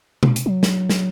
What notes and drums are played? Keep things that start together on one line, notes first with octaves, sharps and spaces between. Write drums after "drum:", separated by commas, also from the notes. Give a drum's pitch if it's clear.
B2, drum: tom C3
drum: hi-hat
F#3
drum: snare
drum: snare